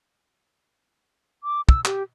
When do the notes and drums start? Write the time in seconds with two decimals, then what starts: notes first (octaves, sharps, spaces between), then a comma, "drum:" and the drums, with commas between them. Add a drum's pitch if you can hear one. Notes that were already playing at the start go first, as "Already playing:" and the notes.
1.43 D6
1.69 E6, drum: kick
1.85 G4, drum: clap